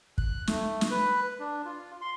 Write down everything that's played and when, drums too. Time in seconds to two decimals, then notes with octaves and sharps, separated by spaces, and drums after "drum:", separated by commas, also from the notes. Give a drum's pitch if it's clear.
0.18 F#6, drum: kick
0.47 A3, drum: snare
0.81 drum: snare
0.91 B4
1.40 D4
1.65 F4
2.01 C6